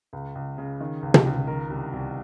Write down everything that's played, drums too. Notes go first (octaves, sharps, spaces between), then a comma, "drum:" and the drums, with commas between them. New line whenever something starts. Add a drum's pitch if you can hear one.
C#2
C#2
C#3
D#3
C#2
drum: tom
C#2
D#3 A#4
C2
C2